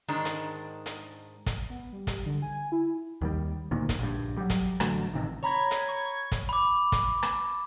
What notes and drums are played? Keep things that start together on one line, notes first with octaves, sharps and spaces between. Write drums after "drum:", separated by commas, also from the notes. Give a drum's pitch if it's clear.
G#2 D#3 G#3 D4
drum: hi-hat
drum: hi-hat
drum: kick, hi-hat
B3
G3
drum: kick, hi-hat
D3
G#5
E4
D#2 D#3 G3
D2 A#2 D#3
drum: kick, hi-hat
A#1 G2
F#3 G3
drum: kick, hi-hat
A1 D3 F#3 A3, drum: rim click
A1 C3 D#3
C#5 A#5 B5 G#6
drum: hi-hat
C#6 G#6
drum: kick, hi-hat
B5 D6
drum: kick, hi-hat
drum: rim click